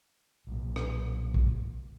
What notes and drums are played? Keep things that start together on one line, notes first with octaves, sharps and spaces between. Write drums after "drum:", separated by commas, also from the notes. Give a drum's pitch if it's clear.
B1 A#2
drum: rim click
drum: kick